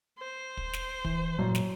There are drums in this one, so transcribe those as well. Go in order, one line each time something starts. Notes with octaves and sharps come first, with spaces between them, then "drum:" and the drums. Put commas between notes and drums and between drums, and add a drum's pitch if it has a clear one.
C5
drum: kick
drum: snare
E3, drum: kick
F#2 A#2
drum: snare